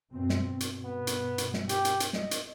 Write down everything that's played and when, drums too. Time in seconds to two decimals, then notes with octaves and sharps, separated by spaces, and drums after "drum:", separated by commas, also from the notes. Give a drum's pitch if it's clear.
0.12 F#2 B2 C4
0.29 drum: snare
0.49 G2 B2
0.60 drum: hi-hat
0.84 B3
1.07 drum: hi-hat
1.38 drum: hi-hat
1.54 drum: snare
1.69 G4, drum: hi-hat
1.85 drum: hi-hat
2.00 drum: hi-hat
2.13 D#5, drum: snare
2.31 drum: hi-hat